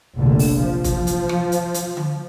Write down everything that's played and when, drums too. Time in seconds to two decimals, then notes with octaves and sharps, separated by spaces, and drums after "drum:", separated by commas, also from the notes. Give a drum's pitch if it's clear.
0.17 F1 A#1 D3
0.39 drum: open hi-hat
0.58 F3
0.84 drum: kick, hi-hat
1.07 drum: hi-hat
1.29 drum: rim click
1.52 drum: hi-hat
1.74 drum: hi-hat
1.97 drum: tom D3